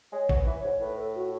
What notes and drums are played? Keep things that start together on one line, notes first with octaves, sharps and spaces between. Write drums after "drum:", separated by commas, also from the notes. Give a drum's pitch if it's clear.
G#3 C#5
F#3, drum: kick A1
B4
E3
C#5
G#2
A2 B4
A4
F#4